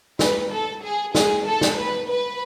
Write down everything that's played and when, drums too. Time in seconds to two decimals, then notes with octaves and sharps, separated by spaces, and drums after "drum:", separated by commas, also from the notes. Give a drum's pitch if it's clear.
0.19 B4, drum: snare
0.51 A4
0.83 G#4
1.15 G#4, drum: snare
1.46 A4
1.61 drum: snare
1.78 B4
2.09 B4